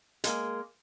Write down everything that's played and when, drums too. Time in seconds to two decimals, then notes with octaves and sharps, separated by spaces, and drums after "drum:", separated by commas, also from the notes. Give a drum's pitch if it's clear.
0.24 G#3 A#3, drum: hi-hat